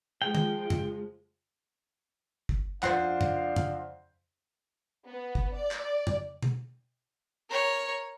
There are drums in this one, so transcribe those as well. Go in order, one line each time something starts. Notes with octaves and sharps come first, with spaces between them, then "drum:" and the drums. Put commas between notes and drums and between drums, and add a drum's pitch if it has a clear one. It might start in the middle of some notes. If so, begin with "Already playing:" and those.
F3 G#3 G5
drum: tom
drum: tom F2
drum: kick F#1
F2 D4 C5 D5 F5 F#5 C6, drum: clap
drum: tom F2
drum: tom F2
B3
drum: kick F#1
D5
drum: clap
drum: tom F2
drum: tom B2
A#4 C#5